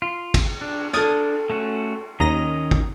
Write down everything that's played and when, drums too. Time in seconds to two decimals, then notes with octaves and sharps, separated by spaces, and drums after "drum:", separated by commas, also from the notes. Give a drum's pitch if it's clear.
0.02 F4
0.34 drum: kick, cymbal
0.61 D4
0.93 D4 A4 D#6 F6 G#6 A6, drum: rim click
1.50 A3 C#4 F#4
2.20 D#2 D#3 C#4 D#5 A#5 A#6
2.71 drum: kick